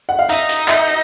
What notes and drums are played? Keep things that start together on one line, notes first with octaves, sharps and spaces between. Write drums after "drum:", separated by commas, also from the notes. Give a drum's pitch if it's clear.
F#5
F5
D#4 E5, drum: hi-hat
drum: hi-hat
E5, drum: clap
drum: hi-hat